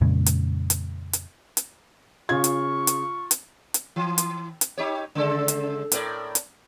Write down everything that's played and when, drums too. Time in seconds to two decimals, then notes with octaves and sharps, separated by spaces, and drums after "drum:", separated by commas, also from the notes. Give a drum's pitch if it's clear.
0.01 F2 A#2 C#3 G#3
0.26 drum: hi-hat
0.70 drum: hi-hat
1.13 drum: hi-hat
1.57 drum: hi-hat
2.29 C#3 F4 C#6 G#6
2.44 drum: hi-hat
2.87 drum: hi-hat
3.31 drum: hi-hat
3.74 drum: hi-hat
3.96 E3
4.18 drum: hi-hat
4.61 drum: hi-hat
4.78 D#4 G4 C#5
5.15 C#3 G#3 A4
5.48 drum: hi-hat
5.92 A2 A#4 D5, drum: hi-hat
6.35 drum: hi-hat